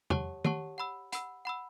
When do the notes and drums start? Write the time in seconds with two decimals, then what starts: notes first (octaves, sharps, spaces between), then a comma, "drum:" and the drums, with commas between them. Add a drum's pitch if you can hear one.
0.10 G4 C#5 F#5 A5 C#6, drum: tom
0.45 G4 C#5 F#5 A5 C#6, drum: tom
0.78 F#5 B5 E6
1.12 F#5 B5 E6, drum: hi-hat
1.45 F#5 B5 E6